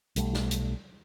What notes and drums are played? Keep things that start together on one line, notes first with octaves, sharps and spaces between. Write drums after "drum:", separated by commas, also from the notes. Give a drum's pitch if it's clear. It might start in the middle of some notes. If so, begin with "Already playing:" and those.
B1 G3 A3, drum: hi-hat
drum: snare
drum: hi-hat